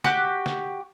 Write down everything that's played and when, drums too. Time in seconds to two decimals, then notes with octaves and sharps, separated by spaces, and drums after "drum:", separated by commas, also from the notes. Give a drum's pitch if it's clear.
0.04 F#4 G4 F#6, drum: snare
0.46 drum: snare